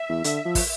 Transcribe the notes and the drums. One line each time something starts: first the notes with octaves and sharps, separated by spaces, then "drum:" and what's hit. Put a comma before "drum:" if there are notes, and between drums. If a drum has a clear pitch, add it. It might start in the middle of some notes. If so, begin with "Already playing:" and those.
Already playing: E5
E2
D3, drum: hi-hat
F3
drum: kick, open hi-hat